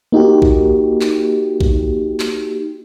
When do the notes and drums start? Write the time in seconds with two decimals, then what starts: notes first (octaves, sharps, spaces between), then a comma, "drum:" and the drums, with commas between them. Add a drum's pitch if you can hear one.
0.12 A#3 D#4 F#4 G4
0.42 drum: kick A#1
1.01 drum: clap
1.61 drum: kick A#1
2.20 drum: clap